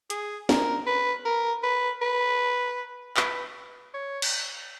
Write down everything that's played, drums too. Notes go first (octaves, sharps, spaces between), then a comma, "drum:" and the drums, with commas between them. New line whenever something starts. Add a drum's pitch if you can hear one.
G#4, drum: hi-hat
A#4, drum: snare
B4
A#4
B4
B4
B4, drum: clap
C#5
drum: cymbal